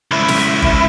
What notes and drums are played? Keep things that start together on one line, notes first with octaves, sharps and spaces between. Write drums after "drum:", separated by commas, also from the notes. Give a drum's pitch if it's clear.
C#2 E4
drum: snare
drum: kick G1